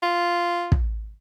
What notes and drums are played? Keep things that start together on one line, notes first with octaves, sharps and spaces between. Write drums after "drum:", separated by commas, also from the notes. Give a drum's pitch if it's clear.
F4
drum: kick